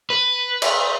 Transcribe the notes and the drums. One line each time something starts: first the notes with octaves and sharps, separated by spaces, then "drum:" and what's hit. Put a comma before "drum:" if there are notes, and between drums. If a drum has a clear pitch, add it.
B4
drum: cymbal